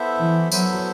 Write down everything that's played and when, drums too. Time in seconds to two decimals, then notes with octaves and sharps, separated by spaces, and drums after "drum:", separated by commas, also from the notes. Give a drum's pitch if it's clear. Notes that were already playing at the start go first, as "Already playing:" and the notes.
Already playing: B3 E4 A4 C5 E5
0.19 E3
0.52 F#3 B3 E4 A4 C5 E5, drum: tambourine